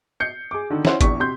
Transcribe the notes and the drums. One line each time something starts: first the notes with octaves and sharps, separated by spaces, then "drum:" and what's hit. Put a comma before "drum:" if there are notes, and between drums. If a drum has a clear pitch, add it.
G6 C7 C#7
G#4 D6
D3 D#3
C#4 E4 C5 F#5, drum: snare
A#1 E2 C#6 B6, drum: kick G#1, hi-hat
C3 C6 G6